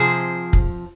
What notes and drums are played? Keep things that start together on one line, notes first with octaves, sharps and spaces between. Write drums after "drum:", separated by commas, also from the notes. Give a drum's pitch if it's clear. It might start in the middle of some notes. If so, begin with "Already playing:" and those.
Already playing: C3 F3 C4 G#4 C5
drum: kick